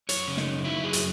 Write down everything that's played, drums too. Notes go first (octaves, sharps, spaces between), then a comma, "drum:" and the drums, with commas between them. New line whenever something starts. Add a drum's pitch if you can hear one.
F#2 C#5, drum: hi-hat
C#3
D#4, drum: snare
F#2
F#3 E4
F#2 G#4
drum: hi-hat